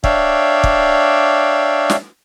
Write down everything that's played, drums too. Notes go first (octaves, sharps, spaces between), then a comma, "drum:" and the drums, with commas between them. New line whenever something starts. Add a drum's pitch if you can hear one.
D4 C#5 D5 E5 F5 G5, drum: kick
drum: kick
drum: snare